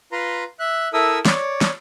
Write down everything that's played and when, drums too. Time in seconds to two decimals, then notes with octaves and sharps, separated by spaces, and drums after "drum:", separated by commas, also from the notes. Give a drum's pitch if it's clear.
0.12 F4 B4 A#5 C6
0.59 E5 F#6
0.93 E4 A4 A#4 E5 D#6 E6
1.25 C#5 D5, drum: snare
1.61 drum: snare